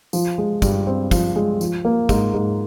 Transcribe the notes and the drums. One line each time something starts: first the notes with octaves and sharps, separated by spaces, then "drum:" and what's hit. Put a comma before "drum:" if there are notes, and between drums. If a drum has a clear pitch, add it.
F3, drum: tambourine
G#3
G2, drum: kick, tambourine
C4
F3, drum: kick, tambourine
G#3
F3, drum: tambourine
A#3
G#2, drum: kick, tambourine
G#2